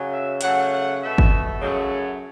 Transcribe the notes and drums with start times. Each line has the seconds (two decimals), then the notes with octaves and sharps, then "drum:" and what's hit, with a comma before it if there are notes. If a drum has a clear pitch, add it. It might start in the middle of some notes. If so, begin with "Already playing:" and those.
Already playing: F#2 C#3 F#3
0.12 E5
0.41 C#3 F#3 A3 F#5, drum: hi-hat
0.72 F#5
1.01 B2 A3 E5
1.18 drum: kick G1
1.60 F#2 C#3 F#3 A3 D#5
1.91 C#5